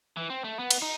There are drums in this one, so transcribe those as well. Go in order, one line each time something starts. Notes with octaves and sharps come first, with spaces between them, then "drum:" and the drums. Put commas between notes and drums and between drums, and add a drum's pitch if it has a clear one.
E3
C4
A3
B3
drum: cymbal
D#4